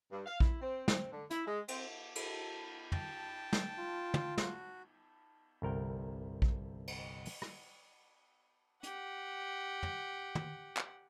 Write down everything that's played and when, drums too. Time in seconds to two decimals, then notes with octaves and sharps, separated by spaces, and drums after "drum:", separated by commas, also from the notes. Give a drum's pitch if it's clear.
0.11 G2
0.26 F5
0.40 E4, drum: kick A#1
0.62 C4
0.88 C4, drum: snare
1.11 D3
1.31 E4, drum: hi-hat
1.47 G#3
1.68 C4, drum: cymbal
2.16 drum: cymbal
2.92 G5 A5, drum: tom
3.53 drum: snare
3.78 F4
4.14 drum: tom
4.38 F#4, drum: snare
5.62 G1 C2 A#4 G5
6.42 drum: kick A#1
6.88 drum: cymbal
7.25 drum: open hi-hat
7.42 drum: rim click
8.84 G4 F#5, drum: hi-hat
9.83 drum: tom
10.35 drum: tom
10.77 drum: clap